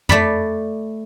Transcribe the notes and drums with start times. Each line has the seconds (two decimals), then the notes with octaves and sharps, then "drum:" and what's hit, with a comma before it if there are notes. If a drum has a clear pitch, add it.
0.09 A3 D5 B5, drum: tom